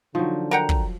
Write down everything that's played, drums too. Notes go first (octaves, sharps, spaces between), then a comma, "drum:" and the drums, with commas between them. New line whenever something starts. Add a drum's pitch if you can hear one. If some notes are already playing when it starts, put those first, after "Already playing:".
D3 F3 F#3 D#4
A#4 F#5 G5 A#5
drum: kick